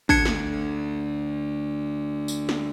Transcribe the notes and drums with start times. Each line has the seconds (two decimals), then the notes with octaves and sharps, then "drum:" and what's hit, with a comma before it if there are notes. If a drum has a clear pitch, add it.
0.09 D2 D4 G#6 C#7, drum: kick G#1
0.25 drum: snare
2.28 drum: tambourine
2.49 drum: snare